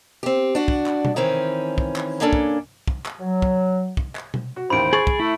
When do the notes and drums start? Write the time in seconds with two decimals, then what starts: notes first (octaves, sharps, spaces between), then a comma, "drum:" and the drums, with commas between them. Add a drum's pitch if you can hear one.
0.23 C4 G4
0.55 D4 F#4
0.68 drum: kick
0.86 drum: clap
1.05 drum: tom B2
1.16 D#3 E3 C4 C#4
1.78 drum: kick
1.96 drum: clap
2.21 A#3 C#4 D4 A4
2.33 drum: kick
2.88 drum: kick
3.06 drum: clap
3.19 F#3
3.42 drum: kick
3.97 drum: kick
4.16 drum: clap
4.34 drum: tom B2
4.56 F#4
4.70 A1 D#2 C5 B5 D7
4.93 G#4 C#6 A6
5.07 drum: kick
5.20 A3 E4